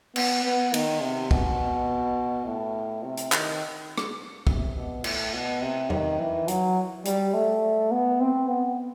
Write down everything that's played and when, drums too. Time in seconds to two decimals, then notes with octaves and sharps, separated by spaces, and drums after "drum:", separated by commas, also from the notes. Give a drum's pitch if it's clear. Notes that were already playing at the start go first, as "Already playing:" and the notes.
0.16 B3, drum: cymbal
0.45 B3
0.74 D#3, drum: cymbal
1.02 C3
1.31 B2, drum: kick
2.46 A2
3.03 C3
3.17 drum: hi-hat
3.32 D#3, drum: clap
3.98 drum: rim click
4.47 C3, drum: kick
4.75 B2
5.04 A2, drum: cymbal
5.33 B2
5.62 C3
5.90 D#3, drum: tom E2
6.19 E3
6.48 F#3, drum: hi-hat
7.05 G3, drum: hi-hat
7.34 A3
7.91 B3
8.20 C4
8.48 B3